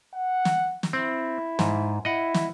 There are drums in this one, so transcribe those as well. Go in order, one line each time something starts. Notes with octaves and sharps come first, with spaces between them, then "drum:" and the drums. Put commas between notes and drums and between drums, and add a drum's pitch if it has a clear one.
F#5
drum: snare
drum: snare
C4 E4
G#2, drum: snare
E4 D#5 F#5
drum: snare